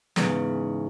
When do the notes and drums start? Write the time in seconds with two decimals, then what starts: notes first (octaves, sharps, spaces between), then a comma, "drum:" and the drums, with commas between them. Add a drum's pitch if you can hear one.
0.16 E2 G#2 C#3, drum: snare